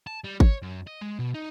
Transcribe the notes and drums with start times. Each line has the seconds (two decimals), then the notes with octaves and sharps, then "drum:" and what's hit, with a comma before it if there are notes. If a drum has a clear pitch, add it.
0.07 A5
0.24 G3
0.40 C#5, drum: kick G#1
0.62 F#2
0.87 D#5
1.01 G#3
1.19 B2
1.34 D#4